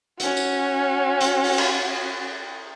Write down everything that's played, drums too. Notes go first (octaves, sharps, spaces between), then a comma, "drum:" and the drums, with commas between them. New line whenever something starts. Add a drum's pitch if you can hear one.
C#4 F#4, drum: hi-hat
drum: tambourine
drum: hi-hat
drum: open hi-hat
drum: cymbal